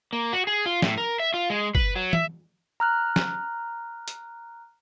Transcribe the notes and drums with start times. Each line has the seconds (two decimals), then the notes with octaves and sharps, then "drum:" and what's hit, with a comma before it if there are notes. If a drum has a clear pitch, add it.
0.13 A#3
0.33 F#4
0.47 G#4
0.66 F4
0.82 A2, drum: snare
0.98 A#4
1.20 E5
1.34 F4
1.50 G#3
1.75 B4, drum: kick
1.96 F#3
2.13 E5, drum: tom
2.80 A#5 F6 F#6
3.16 drum: snare
4.08 drum: hi-hat